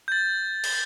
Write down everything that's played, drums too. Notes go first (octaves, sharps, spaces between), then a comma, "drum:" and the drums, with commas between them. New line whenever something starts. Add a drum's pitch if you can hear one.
G6 A6
drum: cymbal